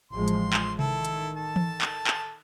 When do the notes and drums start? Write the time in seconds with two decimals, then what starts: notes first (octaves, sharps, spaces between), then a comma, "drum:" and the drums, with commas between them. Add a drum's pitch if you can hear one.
0.12 A1 F3 G#3 C6
0.28 drum: hi-hat
0.53 drum: clap
0.79 D#3 E4 A4, drum: tom C3
1.05 drum: hi-hat
1.36 A4 A5
1.56 drum: tom E3
1.81 drum: clap
2.07 drum: clap